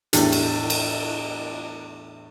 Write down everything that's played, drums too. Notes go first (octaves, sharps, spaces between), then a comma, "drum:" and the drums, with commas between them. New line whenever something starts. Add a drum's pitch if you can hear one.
E2 A2 D4 G4, drum: hi-hat
drum: cymbal
drum: cymbal